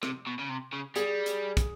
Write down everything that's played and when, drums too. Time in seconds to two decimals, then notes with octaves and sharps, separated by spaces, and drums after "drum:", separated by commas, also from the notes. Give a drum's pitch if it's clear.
0.03 C3, drum: rim click
0.27 B2
0.39 C#3
0.49 C3
0.73 C#3
0.96 G3 G#4, drum: hi-hat
1.26 drum: hi-hat
1.57 drum: kick, hi-hat